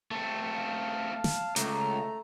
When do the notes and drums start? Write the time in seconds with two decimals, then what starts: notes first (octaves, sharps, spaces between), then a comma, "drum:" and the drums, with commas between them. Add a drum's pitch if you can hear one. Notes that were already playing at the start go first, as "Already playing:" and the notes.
0.11 A3 C4
0.55 F5
1.11 A5
1.24 drum: snare
1.56 C#2 A3 A#5, drum: hi-hat